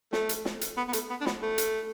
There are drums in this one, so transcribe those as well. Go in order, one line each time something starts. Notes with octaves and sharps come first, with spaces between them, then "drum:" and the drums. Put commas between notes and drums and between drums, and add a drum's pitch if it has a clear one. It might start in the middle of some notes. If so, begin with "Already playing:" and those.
A3, drum: snare
drum: hi-hat
drum: snare
drum: hi-hat
B3
B3
A3, drum: hi-hat
B3
D4
B3, drum: snare
A3
drum: hi-hat